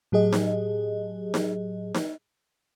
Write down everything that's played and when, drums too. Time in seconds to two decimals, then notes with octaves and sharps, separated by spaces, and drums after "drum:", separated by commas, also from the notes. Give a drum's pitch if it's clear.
0.12 A2 F#3 G4 G#4 D#5
0.33 drum: snare D#4
1.34 drum: snare D#4
1.94 drum: snare D#4